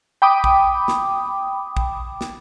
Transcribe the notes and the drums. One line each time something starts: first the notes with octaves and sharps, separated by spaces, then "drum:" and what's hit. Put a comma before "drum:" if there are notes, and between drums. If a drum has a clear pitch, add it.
G5 B5 D6 D#6
drum: kick
drum: snare
drum: kick
drum: snare